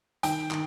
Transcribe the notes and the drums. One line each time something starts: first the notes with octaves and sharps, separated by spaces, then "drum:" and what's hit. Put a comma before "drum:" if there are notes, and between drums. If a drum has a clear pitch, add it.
D#3 G5, drum: hi-hat
D#3, drum: clap